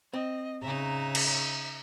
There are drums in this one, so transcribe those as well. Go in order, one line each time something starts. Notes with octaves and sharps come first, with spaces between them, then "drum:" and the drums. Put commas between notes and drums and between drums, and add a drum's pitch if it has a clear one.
C4 D#5
C#3 D#4 E5 A#5
drum: cymbal